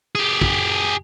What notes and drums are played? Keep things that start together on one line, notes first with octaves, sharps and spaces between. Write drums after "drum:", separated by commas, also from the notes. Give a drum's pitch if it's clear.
G4 G#4
drum: kick